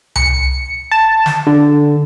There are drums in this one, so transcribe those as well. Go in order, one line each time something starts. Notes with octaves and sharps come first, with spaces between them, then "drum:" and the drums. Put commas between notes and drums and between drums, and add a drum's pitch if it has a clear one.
C#7, drum: tom C2
A5
drum: snare
D3